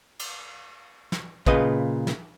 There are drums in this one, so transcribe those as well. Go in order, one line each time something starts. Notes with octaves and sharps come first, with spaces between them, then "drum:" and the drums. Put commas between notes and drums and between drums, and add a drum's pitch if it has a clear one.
drum: cymbal
drum: snare
A#2 C#3 B4 D#5, drum: kick
drum: snare